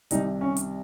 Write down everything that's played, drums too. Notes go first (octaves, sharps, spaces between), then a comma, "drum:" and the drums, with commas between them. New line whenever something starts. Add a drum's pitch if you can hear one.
C2 C3 D#3 D#4, drum: hi-hat
C#4
drum: hi-hat